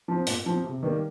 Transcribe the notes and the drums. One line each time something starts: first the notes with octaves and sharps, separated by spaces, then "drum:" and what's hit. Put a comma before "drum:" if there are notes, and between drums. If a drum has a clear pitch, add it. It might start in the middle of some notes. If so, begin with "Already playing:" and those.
F3 C4
A#2, drum: open hi-hat
F3 C4
C3
D#3 G3 A#3